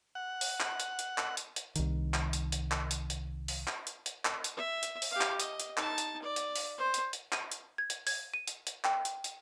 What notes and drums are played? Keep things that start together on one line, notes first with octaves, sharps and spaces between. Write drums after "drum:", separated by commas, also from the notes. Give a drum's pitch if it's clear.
F#5
drum: open hi-hat
drum: clap
drum: hi-hat
drum: hi-hat
drum: clap
drum: hi-hat
drum: hi-hat
C2 D#3, drum: hi-hat
drum: clap
drum: hi-hat
drum: hi-hat
drum: clap
drum: hi-hat
drum: hi-hat
drum: open hi-hat
drum: clap
drum: hi-hat
drum: hi-hat
drum: clap
drum: hi-hat
E5
drum: hi-hat
drum: open hi-hat
G4 F5
drum: clap
D#5, drum: hi-hat
drum: hi-hat
D#4 A5, drum: clap
drum: hi-hat
D5
drum: hi-hat
drum: open hi-hat
C5
drum: hi-hat
drum: hi-hat
D#7, drum: clap
drum: hi-hat
G#6
drum: hi-hat
G#6, drum: open hi-hat
D#7
drum: hi-hat
drum: hi-hat
G5, drum: clap
drum: hi-hat
drum: hi-hat